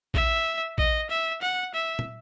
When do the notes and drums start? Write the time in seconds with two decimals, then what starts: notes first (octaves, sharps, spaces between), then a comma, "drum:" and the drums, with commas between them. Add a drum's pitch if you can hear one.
0.14 E5, drum: kick A#1
0.78 D#5, drum: kick A#1
1.10 E5
1.42 F#5
1.74 E5
1.99 drum: tom